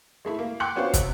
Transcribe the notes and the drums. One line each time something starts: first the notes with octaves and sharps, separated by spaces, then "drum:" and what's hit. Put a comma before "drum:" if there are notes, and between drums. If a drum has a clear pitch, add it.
G#3 A3 E4
A#3
G5 C6 D6 F#6 C#7 F#7
B3 C#4 D4 F4 F#4 C5
C3, drum: kick, hi-hat